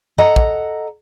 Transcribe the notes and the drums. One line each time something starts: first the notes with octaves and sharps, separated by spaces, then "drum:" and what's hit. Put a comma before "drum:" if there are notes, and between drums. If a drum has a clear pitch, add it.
A4 D#5 F#5 A#5
drum: kick